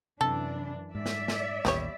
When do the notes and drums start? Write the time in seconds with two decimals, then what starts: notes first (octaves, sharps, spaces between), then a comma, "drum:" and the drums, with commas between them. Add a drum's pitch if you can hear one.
0.21 F#2 C3 E3 D4 A4
0.95 G#2 D5 E5
1.06 drum: snare
1.28 drum: snare
1.65 A1 D#2 B3 G4 C#5, drum: snare